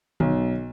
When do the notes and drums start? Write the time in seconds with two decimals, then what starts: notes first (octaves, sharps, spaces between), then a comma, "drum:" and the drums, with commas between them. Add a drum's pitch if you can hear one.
0.20 B1, drum: tom D3